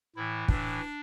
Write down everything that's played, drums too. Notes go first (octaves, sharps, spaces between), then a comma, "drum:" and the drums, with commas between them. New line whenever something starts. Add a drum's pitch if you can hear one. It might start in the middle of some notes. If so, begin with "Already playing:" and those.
A2 E3 E4
A2 E3 D4, drum: kick